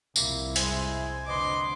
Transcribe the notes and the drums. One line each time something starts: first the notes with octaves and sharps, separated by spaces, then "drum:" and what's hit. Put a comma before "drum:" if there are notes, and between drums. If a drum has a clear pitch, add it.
C2 F2 G3 A#3 E4, drum: tambourine
G#3 C5 G#5, drum: hi-hat
F1 D3 B4 D#5 C6 D6